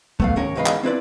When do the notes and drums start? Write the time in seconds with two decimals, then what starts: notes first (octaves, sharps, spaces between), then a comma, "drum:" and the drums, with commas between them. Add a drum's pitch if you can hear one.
0.20 A3 B3 F5, drum: kick
0.36 D#2 C#4 A#4 C#5
0.56 E2 G#2 D#4 B4 D#5 F5
0.66 drum: clap
0.83 C4 E4 B4 D5